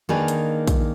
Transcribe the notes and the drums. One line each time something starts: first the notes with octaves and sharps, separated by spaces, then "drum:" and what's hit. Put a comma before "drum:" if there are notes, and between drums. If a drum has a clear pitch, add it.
D#3 A#3 D4 D#4 G#4 B4
drum: hi-hat
drum: kick, hi-hat